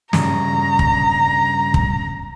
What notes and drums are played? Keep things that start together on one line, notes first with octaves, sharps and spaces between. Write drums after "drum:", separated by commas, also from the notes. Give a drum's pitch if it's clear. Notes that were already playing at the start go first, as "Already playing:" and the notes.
G2 C#3 A#5, drum: snare
drum: kick
drum: kick